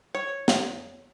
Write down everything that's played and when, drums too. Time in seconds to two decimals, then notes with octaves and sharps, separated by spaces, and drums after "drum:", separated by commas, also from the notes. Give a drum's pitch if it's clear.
0.15 C#5
0.48 drum: snare